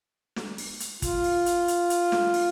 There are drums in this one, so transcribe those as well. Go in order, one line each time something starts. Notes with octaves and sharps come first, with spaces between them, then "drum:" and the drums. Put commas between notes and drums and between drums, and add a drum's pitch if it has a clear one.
drum: snare
drum: open hi-hat
drum: hi-hat
F4, drum: kick, hi-hat
drum: open hi-hat
drum: hi-hat
drum: hi-hat
drum: hi-hat
drum: snare
drum: open hi-hat